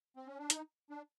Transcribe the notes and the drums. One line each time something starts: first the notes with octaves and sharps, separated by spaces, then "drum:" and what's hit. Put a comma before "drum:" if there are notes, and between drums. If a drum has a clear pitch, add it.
C4
C#4
D4
D#4, drum: hi-hat
D4